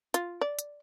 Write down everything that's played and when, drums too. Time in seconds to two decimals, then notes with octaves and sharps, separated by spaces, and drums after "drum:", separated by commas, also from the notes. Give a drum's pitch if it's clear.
0.14 F4, drum: hi-hat
0.41 D5
0.59 drum: hi-hat